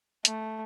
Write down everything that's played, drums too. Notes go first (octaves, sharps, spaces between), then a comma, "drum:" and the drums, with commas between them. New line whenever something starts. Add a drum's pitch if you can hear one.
A3, drum: hi-hat